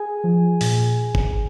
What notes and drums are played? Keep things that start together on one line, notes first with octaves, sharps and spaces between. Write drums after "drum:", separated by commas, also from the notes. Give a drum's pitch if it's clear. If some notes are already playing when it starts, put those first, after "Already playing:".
Already playing: G#4 G#5
F3
A#2, drum: open hi-hat
drum: kick